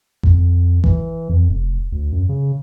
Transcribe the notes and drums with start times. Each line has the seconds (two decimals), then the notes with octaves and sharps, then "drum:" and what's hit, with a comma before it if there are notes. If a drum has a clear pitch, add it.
0.23 F2, drum: kick G#1
0.84 E3, drum: kick G#1
1.29 F2
1.49 F1
1.92 D2
2.12 F#2
2.29 C#3